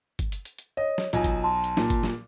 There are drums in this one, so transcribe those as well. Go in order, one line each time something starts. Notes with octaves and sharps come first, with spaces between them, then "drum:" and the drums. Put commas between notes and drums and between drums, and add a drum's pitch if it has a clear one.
drum: kick, hi-hat
drum: hi-hat
drum: hi-hat
drum: hi-hat
C#5 D#5
drum: snare
B1 F4 D#5 G#5, drum: hi-hat
drum: kick, hi-hat
A5 C6
drum: hi-hat
A#2, drum: snare
drum: kick, hi-hat
drum: snare